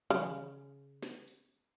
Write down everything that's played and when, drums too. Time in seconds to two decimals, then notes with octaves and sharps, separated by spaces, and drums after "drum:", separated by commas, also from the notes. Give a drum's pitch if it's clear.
0.10 C#3, drum: tom
1.03 drum: snare
1.27 drum: tambourine